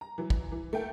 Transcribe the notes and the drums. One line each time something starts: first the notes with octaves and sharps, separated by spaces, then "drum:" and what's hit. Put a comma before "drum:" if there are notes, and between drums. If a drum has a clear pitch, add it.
A#5
E3 F#3
drum: kick
E3
A3 A#3 G5